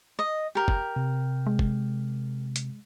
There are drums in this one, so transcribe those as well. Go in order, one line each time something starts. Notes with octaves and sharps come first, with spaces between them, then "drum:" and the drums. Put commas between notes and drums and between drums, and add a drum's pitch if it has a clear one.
D#5
G4 A#4
drum: kick
C3
G#3
drum: kick
drum: hi-hat